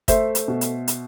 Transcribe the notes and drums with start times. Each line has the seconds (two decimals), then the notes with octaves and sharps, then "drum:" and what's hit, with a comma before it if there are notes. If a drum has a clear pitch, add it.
0.08 A3 C5 E5, drum: kick, hi-hat
0.35 drum: hi-hat
0.48 B2
0.61 drum: hi-hat
0.88 drum: hi-hat